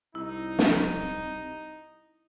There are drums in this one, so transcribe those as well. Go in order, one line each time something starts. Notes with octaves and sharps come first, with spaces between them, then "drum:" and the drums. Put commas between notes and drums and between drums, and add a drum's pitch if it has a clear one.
C2 D#4 E4
drum: snare